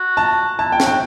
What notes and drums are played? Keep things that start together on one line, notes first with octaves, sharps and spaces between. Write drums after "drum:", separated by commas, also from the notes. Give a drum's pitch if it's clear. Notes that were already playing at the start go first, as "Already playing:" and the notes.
Already playing: F#4
A5
E4 A5
G5
F#4, drum: snare
G5